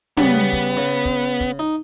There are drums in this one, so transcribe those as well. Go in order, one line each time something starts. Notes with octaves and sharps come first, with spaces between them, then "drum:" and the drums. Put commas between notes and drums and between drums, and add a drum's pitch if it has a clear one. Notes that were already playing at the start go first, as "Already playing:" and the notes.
C#3 G3 B3, drum: tom
drum: hi-hat
drum: kick, hi-hat
C#3
drum: hi-hat
drum: kick, hi-hat
drum: hi-hat
drum: kick, hi-hat
D#4